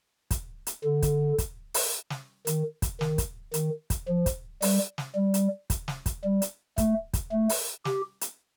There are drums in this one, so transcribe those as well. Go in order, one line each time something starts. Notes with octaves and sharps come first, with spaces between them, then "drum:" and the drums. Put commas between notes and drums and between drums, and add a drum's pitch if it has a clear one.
drum: kick, hi-hat
drum: hi-hat
D3
drum: kick, hi-hat
drum: kick, hi-hat
drum: open hi-hat
drum: snare
D#3, drum: hi-hat
drum: kick, hi-hat
D#3, drum: snare
drum: kick, hi-hat
D#3, drum: hi-hat
drum: kick, hi-hat
F3
drum: kick, hi-hat
G3, drum: open hi-hat
drum: snare
G3
drum: hi-hat
drum: kick, hi-hat
drum: snare
drum: kick, hi-hat
G3
drum: hi-hat
A3, drum: kick, hi-hat
drum: kick, hi-hat
A3
drum: open hi-hat
G4, drum: snare
drum: hi-hat